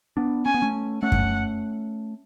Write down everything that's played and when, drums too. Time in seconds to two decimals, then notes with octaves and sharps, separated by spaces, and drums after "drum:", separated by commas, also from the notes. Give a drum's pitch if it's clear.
0.17 B3 D4
0.45 C#4 G#5
0.54 B3
0.62 A3 C#4
1.03 A3 C#4 F#5
1.12 drum: kick F#2